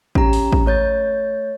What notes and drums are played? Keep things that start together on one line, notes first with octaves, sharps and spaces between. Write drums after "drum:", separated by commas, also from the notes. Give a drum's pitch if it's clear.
C#4 G4 A#5, drum: kick A1
drum: open hi-hat
drum: kick A1
A3 C#5 G6 A6